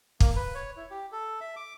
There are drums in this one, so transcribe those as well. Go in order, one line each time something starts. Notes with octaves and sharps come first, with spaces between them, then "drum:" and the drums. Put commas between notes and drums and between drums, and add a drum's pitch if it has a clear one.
A#3, drum: kick
B4
C#5
E4
G4
A4
E5
D6